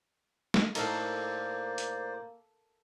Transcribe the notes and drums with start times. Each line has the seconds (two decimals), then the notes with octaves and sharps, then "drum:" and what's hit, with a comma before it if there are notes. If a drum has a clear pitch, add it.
0.54 drum: snare
0.75 A2 A#3 D#4 A4 A#4 C5 D5 F5, drum: cymbal
1.78 drum: hi-hat